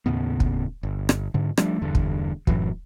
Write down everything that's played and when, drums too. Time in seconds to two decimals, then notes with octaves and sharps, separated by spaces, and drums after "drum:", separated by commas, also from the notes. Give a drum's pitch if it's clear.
0.06 D#2 A2 C#3 B3
0.40 drum: kick
0.83 G1
1.09 drum: rim click
1.34 G#2 D3
1.57 F3 G3 A3 D4, drum: rim click
1.81 E1 E2 G2 D3
1.95 drum: kick
2.47 F#2 A2 E3 F#3, drum: kick